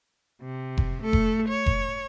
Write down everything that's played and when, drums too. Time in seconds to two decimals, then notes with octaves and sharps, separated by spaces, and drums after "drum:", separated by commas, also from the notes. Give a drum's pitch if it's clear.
0.42 C3
0.77 drum: kick F1
1.02 A3 A4
1.13 drum: kick F1
1.49 C#5
1.66 drum: kick F1